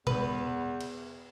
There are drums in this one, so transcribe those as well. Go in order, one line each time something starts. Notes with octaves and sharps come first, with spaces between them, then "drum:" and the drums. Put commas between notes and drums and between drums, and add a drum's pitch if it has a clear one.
E2 B4, drum: tom B2
drum: cymbal